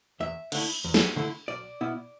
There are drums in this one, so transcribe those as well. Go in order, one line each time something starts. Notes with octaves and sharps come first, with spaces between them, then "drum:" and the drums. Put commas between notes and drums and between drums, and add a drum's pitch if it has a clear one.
E2 E5
D3 A3 E4, drum: cymbal
E2
drum: snare
D3 A3 E4
B1 D5
B2 B3 E4